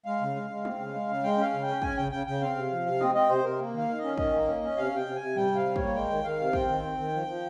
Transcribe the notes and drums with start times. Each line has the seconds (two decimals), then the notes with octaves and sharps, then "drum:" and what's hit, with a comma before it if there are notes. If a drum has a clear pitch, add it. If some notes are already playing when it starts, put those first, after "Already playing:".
0.05 G#3 F5
0.21 C#3
0.36 G#3
0.50 G#3
0.65 C4, drum: tom G#3
0.80 C#3
0.94 G#3
1.09 C#3
1.23 G#3 G5
1.38 C#4 F5
1.53 C#3
1.63 G5
1.68 C#4
1.82 C#4 G#5, drum: kick
1.97 C#3 G5
2.12 C#3 G5
2.27 C#3 G5
2.41 C4 F5
2.56 C3
2.71 F3
2.86 C3
3.01 C4 D#5, drum: tom G#3
3.15 C4 D#5
3.29 C3 C5
3.44 C3 A#4
3.59 A#3
3.74 D#3 F5
3.89 D#3
3.99 D#5
4.04 C#4
4.17 D#3 D#5, drum: kick
4.33 A#3
4.47 C#4
4.63 C#4
4.77 C3 F5
4.92 C3 G5
5.06 C3
5.16 G#5
5.21 C3
5.36 G3 G5, drum: tom G#2
5.51 C3 F5
5.65 G3
5.76 A#3 C#5, drum: kick
5.95 G#3 G5
6.10 D#3
6.24 D#3 F5
6.39 C3
6.53 C4 G5, drum: kick
6.69 D#3
6.83 C4
6.98 D#3
7.13 F3
7.28 F3